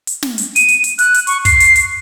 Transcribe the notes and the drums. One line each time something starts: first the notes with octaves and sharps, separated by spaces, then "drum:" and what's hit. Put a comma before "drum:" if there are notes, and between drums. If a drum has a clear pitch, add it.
drum: hi-hat
drum: snare
drum: hi-hat
D#7, drum: hi-hat
drum: hi-hat
drum: hi-hat
F#6, drum: hi-hat
drum: hi-hat
C#6, drum: hi-hat
C7, drum: kick, hi-hat
drum: hi-hat
drum: hi-hat